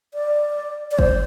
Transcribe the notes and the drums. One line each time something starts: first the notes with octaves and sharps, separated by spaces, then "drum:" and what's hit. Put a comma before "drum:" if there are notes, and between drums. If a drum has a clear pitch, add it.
D5
D5
C5, drum: kick